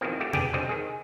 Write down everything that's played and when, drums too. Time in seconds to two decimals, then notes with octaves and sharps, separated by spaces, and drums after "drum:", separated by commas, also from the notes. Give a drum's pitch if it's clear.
0.01 E2 B2 D#3 F3 C4
0.20 A3 F#4 G4
0.33 B3 D4 G4 G#4 D5 G5, drum: tom B2
0.54 D3 F#3 G3 C4 D#5
0.69 D#3 G#4